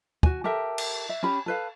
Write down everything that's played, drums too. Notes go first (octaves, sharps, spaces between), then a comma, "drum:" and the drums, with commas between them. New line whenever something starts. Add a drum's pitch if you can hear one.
F#4 G#5, drum: kick
G4 A4 A#4 E5
drum: cymbal
E5
C#4 G4 B5
A4 B4 F5